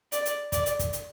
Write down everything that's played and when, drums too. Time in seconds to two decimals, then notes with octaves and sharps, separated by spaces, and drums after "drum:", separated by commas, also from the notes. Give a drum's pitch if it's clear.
0.12 D5, drum: hi-hat
0.25 drum: hi-hat
0.52 D5, drum: kick, hi-hat
0.66 drum: hi-hat
0.79 drum: kick, hi-hat
0.93 drum: hi-hat